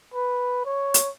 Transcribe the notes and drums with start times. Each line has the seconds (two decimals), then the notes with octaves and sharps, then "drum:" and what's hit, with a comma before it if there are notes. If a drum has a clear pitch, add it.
0.14 B4
0.65 C#5
0.94 drum: hi-hat